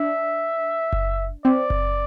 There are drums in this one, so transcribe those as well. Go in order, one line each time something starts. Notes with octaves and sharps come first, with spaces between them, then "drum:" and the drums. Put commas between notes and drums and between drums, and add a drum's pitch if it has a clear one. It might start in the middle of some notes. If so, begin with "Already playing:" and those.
Already playing: D4 E5
drum: kick F#1
C4 D5
drum: kick F#1